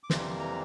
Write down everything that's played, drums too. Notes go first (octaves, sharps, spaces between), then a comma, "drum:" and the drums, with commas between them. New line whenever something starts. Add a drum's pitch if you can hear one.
D6
F2 C3 E3 G3 A#3 C6, drum: snare
A#5